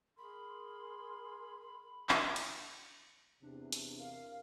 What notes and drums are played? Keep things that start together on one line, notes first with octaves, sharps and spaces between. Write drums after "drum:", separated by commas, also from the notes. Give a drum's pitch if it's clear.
G#4 A#4 B5 C6
drum: clap
drum: cymbal
E2 C3 D4
drum: hi-hat
A#4 F5